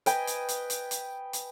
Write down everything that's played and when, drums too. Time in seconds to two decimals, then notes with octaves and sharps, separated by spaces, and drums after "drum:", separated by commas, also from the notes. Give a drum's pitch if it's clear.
0.06 B4 D#5 G5 G#5, drum: hi-hat
0.27 drum: hi-hat
0.49 drum: hi-hat
0.70 drum: hi-hat
0.91 drum: hi-hat
1.33 drum: hi-hat